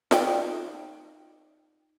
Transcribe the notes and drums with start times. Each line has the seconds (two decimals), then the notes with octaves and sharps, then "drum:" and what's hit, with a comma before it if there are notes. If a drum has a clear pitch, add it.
0.11 D#4 D5 G5, drum: snare F4